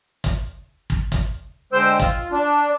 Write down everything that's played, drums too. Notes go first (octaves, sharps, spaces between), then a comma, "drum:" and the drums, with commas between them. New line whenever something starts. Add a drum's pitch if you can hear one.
drum: kick, hi-hat
drum: kick
drum: kick, hi-hat
D3 G#3 C5 G5 E6
F4, drum: kick, hi-hat
D4